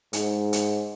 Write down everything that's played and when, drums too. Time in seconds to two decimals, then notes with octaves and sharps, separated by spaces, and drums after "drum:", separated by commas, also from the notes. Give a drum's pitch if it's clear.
0.13 G#2, drum: hi-hat
0.53 drum: hi-hat